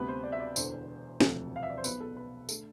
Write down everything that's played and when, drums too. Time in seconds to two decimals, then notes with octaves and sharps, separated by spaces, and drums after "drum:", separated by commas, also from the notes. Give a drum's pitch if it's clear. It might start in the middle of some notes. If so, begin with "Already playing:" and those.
Already playing: D2 C3 G3 B3 B4
0.08 C5
0.23 D5
0.32 E5
0.40 D5
0.56 E1 E2 D3 C5, drum: tambourine
1.20 E1 D2 C3 F3 A4, drum: snare
1.56 F5
1.63 E5
1.70 D5
1.78 C5
1.84 B1 B2 B3 B4, drum: tambourine
2.01 A4
2.17 B4
2.49 D3 A3 A4, drum: tambourine